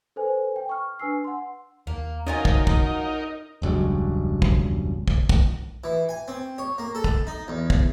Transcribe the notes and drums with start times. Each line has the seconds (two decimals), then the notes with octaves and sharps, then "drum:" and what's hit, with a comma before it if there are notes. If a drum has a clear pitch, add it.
0.16 A4 B4 C5 G#5
0.56 G5
0.69 C#6 F6
1.00 D4 B4 G#5 E6 C7
1.24 F#5 C6
1.87 D#2 A#3
2.27 F#3 C#4 D#4 F4 A#4 D#5 G#5
2.45 drum: kick
2.67 drum: kick
3.62 E1 C#2 G2 F#3
4.42 drum: kick
5.08 drum: kick
5.29 drum: kick
5.84 E3
6.09 G#5
6.28 C4
6.58 C#5
6.78 A#3
6.95 A4
7.04 drum: kick
7.27 D#4
7.48 E2
7.70 drum: kick